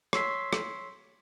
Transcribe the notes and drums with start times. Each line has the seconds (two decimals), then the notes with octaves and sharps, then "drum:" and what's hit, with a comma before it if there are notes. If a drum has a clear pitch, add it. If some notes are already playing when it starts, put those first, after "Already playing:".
0.13 C#5 C6 C#6 E6 B6 C7, drum: rim click
0.53 drum: rim click